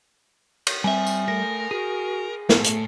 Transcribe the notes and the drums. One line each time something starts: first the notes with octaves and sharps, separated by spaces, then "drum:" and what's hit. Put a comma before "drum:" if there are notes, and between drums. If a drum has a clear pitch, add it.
drum: cymbal
G3 C4 E5 G#5
drum: tambourine
A3 A#4 A#6
F#4 G#4
A2 A3, drum: snare
drum: hi-hat